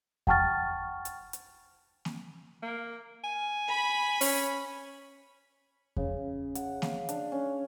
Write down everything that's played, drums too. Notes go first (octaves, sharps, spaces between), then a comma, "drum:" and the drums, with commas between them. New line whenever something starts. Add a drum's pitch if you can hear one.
F#5 G5 A5 C#6 F6 A6, drum: kick E2
drum: hi-hat
drum: hi-hat
drum: snare A#3
A#3
G#5
B5
C#4, drum: open hi-hat
C#3, drum: kick E2
F#5, drum: hi-hat
F5, drum: snare A#3
D4, drum: hi-hat
C#4